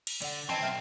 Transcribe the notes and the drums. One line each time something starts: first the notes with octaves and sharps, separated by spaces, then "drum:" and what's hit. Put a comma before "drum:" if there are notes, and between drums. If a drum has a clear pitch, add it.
drum: cymbal
D3 D5 F#5, drum: cymbal
E3 C4 C#4 D#5 A5
B1 B2 E5 G5 F6